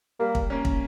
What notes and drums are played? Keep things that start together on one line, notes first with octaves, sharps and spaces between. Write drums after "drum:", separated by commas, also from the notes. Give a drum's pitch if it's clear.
G3 A#3
drum: kick
A#3 C#4
drum: kick